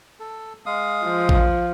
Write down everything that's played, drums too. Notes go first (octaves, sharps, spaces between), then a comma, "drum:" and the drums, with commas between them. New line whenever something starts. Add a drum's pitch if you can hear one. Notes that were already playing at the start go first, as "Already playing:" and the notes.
A4
G#3 F5 D#6
F3
drum: kick